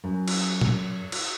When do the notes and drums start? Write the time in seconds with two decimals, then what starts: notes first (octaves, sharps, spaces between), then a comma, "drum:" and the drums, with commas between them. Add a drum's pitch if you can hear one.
0.04 F#2
0.28 drum: cymbal
0.61 drum: tom A#2
1.12 drum: cymbal